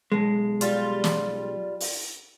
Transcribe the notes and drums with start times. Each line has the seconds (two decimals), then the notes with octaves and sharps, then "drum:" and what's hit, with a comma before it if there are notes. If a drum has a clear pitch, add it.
0.12 B1 G#3
0.61 G3 F4, drum: hi-hat
1.04 drum: snare
1.80 drum: open hi-hat